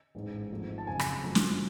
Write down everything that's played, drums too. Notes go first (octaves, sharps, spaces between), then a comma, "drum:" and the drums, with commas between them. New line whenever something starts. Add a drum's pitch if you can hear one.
A1 G#2 G#3
G#1 G#2 F3 A3
A5
F#1 F2 C#3 G#5
drum: rim click
F#2 F3 A3
drum: snare